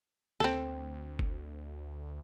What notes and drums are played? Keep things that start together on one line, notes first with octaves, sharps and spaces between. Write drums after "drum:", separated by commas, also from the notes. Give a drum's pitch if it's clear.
D2 C4 A4, drum: snare
drum: kick G1